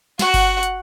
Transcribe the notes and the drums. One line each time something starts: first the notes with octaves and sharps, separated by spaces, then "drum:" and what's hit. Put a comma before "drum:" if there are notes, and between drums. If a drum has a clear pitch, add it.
F#4 F#5, drum: snare
drum: kick G1, open hi-hat
drum: hi-hat